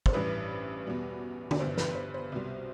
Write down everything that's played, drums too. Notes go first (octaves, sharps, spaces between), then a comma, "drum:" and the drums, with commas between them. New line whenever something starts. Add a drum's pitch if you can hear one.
C5, drum: kick
A1 G2 E3 G3 B4
E2 B2 G3
D5, drum: tom D3
G1 G2 E3 G3 C5
B4, drum: snare
C5
C5
C2 B2 G3